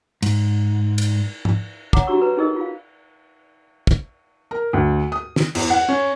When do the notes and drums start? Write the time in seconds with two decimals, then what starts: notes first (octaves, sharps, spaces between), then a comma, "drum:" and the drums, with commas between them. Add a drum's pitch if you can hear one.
0.22 G#2, drum: cymbal
0.98 drum: cymbal
1.45 drum: tom
1.93 C#5 F#5 A#5 D6, drum: kick
2.07 D4 F#4 G4 A#5 C#6 E6
2.21 B4 A#5
2.37 C#4 D#4 G#4 A#4 D#5
2.56 F4 F5
3.87 drum: kick
4.51 A#4
4.73 D2
5.12 D#6
5.36 drum: snare
5.55 E2, drum: cymbal
5.70 F#5
5.89 C#4